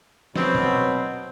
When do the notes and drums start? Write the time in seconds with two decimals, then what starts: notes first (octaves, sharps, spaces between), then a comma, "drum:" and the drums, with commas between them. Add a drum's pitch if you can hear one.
0.36 B2 F#3 C4, drum: snare
0.55 drum: tom B2